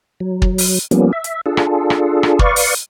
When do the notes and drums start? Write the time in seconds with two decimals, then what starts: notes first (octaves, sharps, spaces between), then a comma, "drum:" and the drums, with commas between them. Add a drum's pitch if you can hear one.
0.20 F#3
0.42 drum: kick
0.58 drum: open hi-hat
0.91 F3 G3 A#3 B3 C#4, drum: hi-hat
1.13 E5
1.24 drum: hi-hat
1.46 D4 F4 G#4 A4
1.57 drum: rim click
1.90 drum: rim click
2.23 drum: rim click
2.39 B4 D5 F5 C#6, drum: kick
2.56 drum: open hi-hat